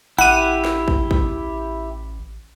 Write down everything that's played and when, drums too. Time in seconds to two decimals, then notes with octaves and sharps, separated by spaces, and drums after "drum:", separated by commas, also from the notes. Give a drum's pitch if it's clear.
0.18 A1 E4 G4 F#5 D#7
0.65 drum: snare
0.88 drum: kick
1.11 drum: kick